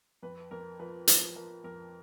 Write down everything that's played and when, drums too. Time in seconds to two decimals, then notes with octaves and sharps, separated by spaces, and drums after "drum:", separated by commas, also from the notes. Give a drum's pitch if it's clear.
0.23 F2 B4
0.51 F2 A#4
0.79 F3 B4
1.08 F3 B4, drum: hi-hat
1.36 F3 A#4
1.64 F2 A#4